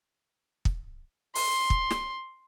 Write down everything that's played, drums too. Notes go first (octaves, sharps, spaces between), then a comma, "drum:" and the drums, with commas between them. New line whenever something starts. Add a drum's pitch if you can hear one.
drum: kick
C6, drum: open hi-hat
drum: kick
drum: snare